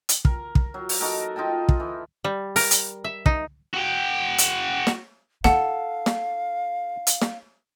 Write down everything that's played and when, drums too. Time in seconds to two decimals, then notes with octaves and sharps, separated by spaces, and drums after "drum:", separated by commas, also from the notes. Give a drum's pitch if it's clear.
0.09 drum: hi-hat
0.25 A#4, drum: kick
0.55 drum: kick
0.74 F#3
0.89 drum: open hi-hat
1.00 D#4 F#4 A4 A#4
1.36 D#4 F4 G5 A5
1.69 drum: kick
1.80 E3
2.24 G3
2.56 A#4, drum: open hi-hat
2.71 drum: hi-hat
3.04 E5
3.26 D#4, drum: kick
3.74 F#4 G5
4.38 drum: hi-hat
4.87 drum: snare
5.44 D#4 F4 A4 F5 F#5, drum: snare
6.06 drum: snare
7.07 drum: hi-hat
7.22 drum: snare